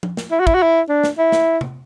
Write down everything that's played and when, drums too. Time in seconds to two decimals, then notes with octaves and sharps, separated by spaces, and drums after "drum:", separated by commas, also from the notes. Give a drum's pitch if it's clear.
0.03 drum: tom F3
0.17 drum: snare
0.31 E4
0.40 F#4
0.47 E4, drum: kick
0.55 F#4
0.62 E4
0.89 D4
1.04 drum: snare
1.18 E4
1.32 drum: snare
1.61 drum: tom C3